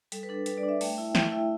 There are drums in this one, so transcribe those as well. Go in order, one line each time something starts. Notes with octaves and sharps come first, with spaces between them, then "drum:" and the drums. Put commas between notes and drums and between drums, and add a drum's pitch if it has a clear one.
G3 A4, drum: hi-hat
B4
D4 A4
G3 B4, drum: hi-hat
D5
D4
E5
A3 G5, drum: open hi-hat
E4 E5
A3 G5, drum: snare
E4 E5